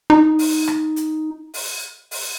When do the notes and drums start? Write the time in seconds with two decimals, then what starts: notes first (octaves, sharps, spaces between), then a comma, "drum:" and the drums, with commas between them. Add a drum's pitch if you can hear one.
0.10 D#4
0.39 drum: open hi-hat
0.68 drum: rim click
0.96 drum: hi-hat
1.54 drum: open hi-hat
2.11 drum: open hi-hat